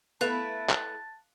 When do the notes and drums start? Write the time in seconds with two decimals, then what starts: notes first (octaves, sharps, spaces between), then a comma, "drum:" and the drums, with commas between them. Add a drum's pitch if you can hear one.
0.21 A3 B3 E4 B4 F5 A5 F#6 F7
0.69 F#6, drum: clap